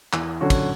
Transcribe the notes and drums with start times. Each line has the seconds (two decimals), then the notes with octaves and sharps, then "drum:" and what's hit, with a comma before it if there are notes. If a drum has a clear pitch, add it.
0.13 E2, drum: clap
0.41 D3 F#3 C#4 F#4
0.50 drum: kick, cymbal